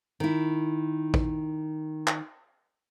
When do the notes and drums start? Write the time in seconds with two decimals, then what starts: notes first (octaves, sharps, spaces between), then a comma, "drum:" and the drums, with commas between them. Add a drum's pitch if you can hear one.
0.20 D#3 E4
1.14 drum: kick
2.07 drum: clap